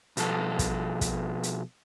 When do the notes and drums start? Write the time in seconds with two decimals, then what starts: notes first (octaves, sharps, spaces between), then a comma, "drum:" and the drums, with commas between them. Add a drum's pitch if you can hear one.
0.17 B2 F3 A4, drum: hi-hat
0.59 drum: kick, hi-hat
1.01 drum: kick, hi-hat
1.43 drum: hi-hat